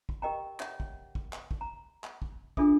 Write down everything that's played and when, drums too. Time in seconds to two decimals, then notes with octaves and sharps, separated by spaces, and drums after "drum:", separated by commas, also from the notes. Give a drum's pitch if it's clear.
0.09 drum: kick
0.22 G4 A#4 D#5 G5 A#5
0.60 C#5 E5 F#5, drum: clap
0.80 drum: kick
1.15 drum: kick
1.33 drum: clap
1.51 drum: kick
1.61 A#5
2.04 drum: clap
2.22 drum: kick
2.57 D4 F4 G#4 A4 E5 D#6, drum: kick